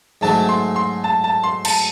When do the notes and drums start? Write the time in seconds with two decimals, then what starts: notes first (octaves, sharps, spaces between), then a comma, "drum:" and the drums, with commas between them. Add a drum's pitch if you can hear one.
0.21 G#2 F#3 A3 A5
0.49 C6
0.76 C6
1.04 A5
1.24 A5
1.44 C6
1.65 A5, drum: cymbal